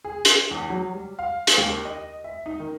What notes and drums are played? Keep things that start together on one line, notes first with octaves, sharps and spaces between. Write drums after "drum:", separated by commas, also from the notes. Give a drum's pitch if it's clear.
G#4
drum: hi-hat
E2
F#3
G3
F5
drum: hi-hat
D#2
D#5
E5
D#4
D#3